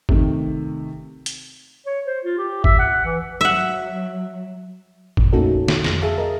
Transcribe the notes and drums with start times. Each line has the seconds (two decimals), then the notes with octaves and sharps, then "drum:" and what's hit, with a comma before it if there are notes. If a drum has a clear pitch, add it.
0.09 C3 D#3 A3, drum: kick G1
1.26 drum: hi-hat
1.86 C#5
2.07 C5
2.24 F4
2.38 G4
2.64 E5, drum: kick G1
2.79 F#5
3.05 E3
3.41 F#3 E5 F#5
5.17 A#1 F2 A#2, drum: kick G1
5.33 A3 A#3 C#4 D#4 F#4 A4
5.44 A3
5.68 drum: snare
5.84 F2 A#6, drum: snare
6.02 G#4 E5 F5 A5
6.18 A#4 D#5